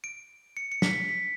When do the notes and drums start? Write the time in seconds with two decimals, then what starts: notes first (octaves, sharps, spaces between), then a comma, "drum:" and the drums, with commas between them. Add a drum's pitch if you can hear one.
0.04 D7
0.57 C#7
0.72 C#7
0.82 B6, drum: snare
1.09 B6